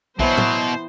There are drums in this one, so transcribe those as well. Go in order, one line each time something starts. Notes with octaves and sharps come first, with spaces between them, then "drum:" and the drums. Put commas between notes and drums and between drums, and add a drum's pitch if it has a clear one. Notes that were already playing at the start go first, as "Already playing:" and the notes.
B2 E3 F#3 B3 C5, drum: kick B1
drum: tom